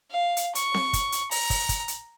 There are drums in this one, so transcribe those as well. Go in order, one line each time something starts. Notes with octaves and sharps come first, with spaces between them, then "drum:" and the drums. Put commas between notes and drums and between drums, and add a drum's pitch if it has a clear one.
F5
drum: hi-hat
C#6, drum: hi-hat
drum: snare C4
drum: kick, hi-hat
drum: hi-hat
A#5, drum: open hi-hat
drum: kick, open hi-hat
drum: kick, hi-hat
drum: hi-hat